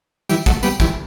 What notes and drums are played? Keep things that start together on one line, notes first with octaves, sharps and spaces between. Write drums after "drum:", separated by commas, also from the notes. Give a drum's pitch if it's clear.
E3 G3, drum: tambourine
F#3 A3, drum: kick, tambourine
G3 B3, drum: tambourine
E3 G3, drum: kick, tambourine